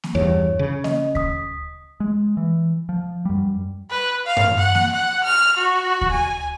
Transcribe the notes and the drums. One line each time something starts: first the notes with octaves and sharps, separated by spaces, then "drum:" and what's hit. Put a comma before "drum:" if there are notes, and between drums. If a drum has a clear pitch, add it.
drum: snare A#3
E2 G2 C#5
C#3
D#5, drum: snare A#3
D#6 B6, drum: kick D2
G#3
E3
F3
F#2 G3
B4
F5
drum: tom G2
F#5
drum: snare A#3
F#5
F6
F#4
drum: kick D2
G#5